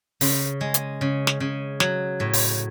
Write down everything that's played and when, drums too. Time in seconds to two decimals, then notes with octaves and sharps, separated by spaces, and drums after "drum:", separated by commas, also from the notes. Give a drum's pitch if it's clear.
0.21 C#3, drum: open hi-hat
0.61 G#3
0.74 drum: hi-hat
1.01 C#3
1.27 drum: snare
1.40 C#3
1.80 F#3, drum: snare
2.20 A2
2.33 drum: open hi-hat